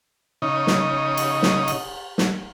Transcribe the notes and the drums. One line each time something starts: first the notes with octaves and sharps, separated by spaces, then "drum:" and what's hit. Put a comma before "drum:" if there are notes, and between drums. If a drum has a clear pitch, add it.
C#3 D#4
drum: snare
drum: cymbal
drum: snare
drum: cymbal
drum: snare